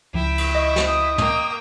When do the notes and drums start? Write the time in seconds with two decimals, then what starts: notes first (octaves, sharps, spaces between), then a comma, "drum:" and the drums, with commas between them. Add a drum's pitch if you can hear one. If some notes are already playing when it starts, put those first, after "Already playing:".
0.14 C#2 F3 E4 G5
0.38 drum: cymbal
0.55 D#5 C#6
0.76 drum: snare
0.86 D#6
1.18 A#3 G5, drum: tom